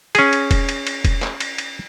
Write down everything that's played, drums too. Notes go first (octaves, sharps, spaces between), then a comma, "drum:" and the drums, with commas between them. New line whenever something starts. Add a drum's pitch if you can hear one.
C#4 G#4, drum: cymbal
drum: cymbal
drum: kick E1, cymbal
drum: cymbal
drum: cymbal
drum: kick E1, cymbal
drum: clap
drum: cymbal
drum: cymbal